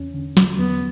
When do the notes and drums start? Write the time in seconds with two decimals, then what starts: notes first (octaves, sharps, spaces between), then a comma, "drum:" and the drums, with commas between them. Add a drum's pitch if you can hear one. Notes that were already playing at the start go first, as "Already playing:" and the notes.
Already playing: E2 C#4
0.14 D3
0.37 F#3, drum: snare
0.59 E2 B3